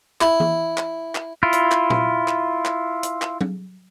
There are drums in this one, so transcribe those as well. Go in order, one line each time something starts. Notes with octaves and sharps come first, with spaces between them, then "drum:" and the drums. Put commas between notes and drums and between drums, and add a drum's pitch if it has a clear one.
E4, drum: clap
drum: tom E3
drum: clap
drum: clap
E4 F4
drum: hi-hat
drum: clap
drum: tom A#2
drum: clap
drum: clap
drum: hi-hat
drum: clap
drum: tom F#3